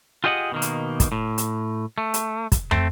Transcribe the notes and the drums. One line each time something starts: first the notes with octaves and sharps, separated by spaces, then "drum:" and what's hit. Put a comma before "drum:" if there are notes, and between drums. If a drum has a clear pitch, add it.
F4 G4 G#4 D#5 E5 F#5
B2 D#3 A#3
drum: hi-hat
drum: kick, hi-hat
A2
drum: hi-hat
A3
drum: hi-hat
drum: kick, hi-hat
A3 C4, drum: tom